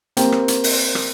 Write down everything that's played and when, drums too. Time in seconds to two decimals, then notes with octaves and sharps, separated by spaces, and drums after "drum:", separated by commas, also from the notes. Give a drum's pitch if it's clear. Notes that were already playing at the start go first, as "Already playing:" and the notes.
0.17 A#3 C4 G4 A#4 G5, drum: hi-hat
0.32 drum: rim click
0.48 drum: hi-hat
0.64 drum: open hi-hat
0.95 drum: rim click